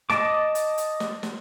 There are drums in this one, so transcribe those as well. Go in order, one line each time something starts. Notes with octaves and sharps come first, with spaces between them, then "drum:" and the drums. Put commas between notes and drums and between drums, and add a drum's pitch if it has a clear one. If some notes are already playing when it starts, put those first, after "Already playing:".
D#5 A5 D6, drum: snare
drum: hi-hat
drum: hi-hat
drum: snare
drum: snare